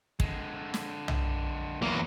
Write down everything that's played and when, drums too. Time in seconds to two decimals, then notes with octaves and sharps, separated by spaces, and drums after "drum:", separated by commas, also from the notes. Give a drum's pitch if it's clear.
0.20 D3 G#3, drum: kick
0.74 drum: snare
1.08 drum: tom
1.82 E2 F#3 A#3